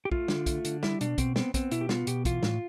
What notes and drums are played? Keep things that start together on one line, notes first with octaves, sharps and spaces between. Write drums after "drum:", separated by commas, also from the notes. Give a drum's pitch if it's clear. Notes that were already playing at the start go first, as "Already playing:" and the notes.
G4
A3 F4, drum: kick
D3, drum: snare
A3, drum: kick, hi-hat
D3, drum: hi-hat
G3 E4, drum: snare
B2 D4, drum: hi-hat
B2 C4, drum: kick, hi-hat
B3 C4, drum: snare
B3 C4, drum: kick, hi-hat
B2 E4, drum: hi-hat
G4
B3 F4, drum: snare
B2 G4, drum: hi-hat
E3 F4, drum: kick, hi-hat
A2, drum: snare